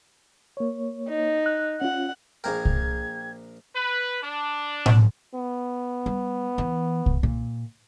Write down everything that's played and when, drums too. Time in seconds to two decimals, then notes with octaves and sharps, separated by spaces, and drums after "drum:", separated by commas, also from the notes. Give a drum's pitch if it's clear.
0.57 A#3 C#5
1.09 D#4
1.46 F#6
1.82 C#4 F4 F#5
2.44 A#1 A#3 G#4 A#4 G5 G#6
2.65 drum: kick C2
3.76 B4
4.22 D4
4.86 drum: tom A2
5.35 B3
6.06 G3
6.58 E3
7.06 drum: kick C2
7.23 A#2